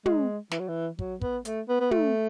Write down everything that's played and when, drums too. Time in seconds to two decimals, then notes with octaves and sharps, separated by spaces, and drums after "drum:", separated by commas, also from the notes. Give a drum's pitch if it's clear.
0.06 G#3, drum: tom
0.51 E3, drum: snare
0.60 F#3
0.68 E3
0.99 F#3, drum: kick
1.21 B3, drum: kick
1.45 A3, drum: hi-hat
1.68 B3
1.80 B3
1.91 A3, drum: tom